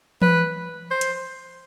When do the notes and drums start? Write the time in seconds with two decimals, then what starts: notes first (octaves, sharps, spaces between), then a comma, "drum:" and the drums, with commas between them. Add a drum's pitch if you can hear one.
0.22 B4, drum: tom E3
0.91 C5
1.01 drum: hi-hat